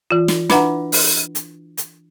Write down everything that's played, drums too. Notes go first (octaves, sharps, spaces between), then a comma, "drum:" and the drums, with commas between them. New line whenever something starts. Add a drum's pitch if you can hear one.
E3 F4
drum: snare
D4 E4 B4 E5 F#5 A#5, drum: snare
drum: open hi-hat
drum: hi-hat
drum: hi-hat